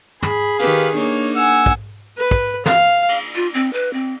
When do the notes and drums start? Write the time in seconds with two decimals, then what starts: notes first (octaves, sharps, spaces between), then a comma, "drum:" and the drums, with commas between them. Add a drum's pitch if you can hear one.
0.23 G#4 B5, drum: tom
0.59 D#3 G4 B4 F5
0.96 A#3 D4 D#4 C#5
1.36 F#5 G#5 E6
1.66 drum: kick
2.18 B4
2.31 drum: kick
2.66 F5, drum: snare
3.09 drum: cymbal
3.35 F4
3.54 C4
3.73 B4
3.93 C4